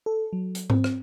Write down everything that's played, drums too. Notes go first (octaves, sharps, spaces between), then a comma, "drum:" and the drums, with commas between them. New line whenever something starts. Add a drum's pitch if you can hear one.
A4
F#3
drum: hi-hat
C4, drum: tom G#2
drum: rim click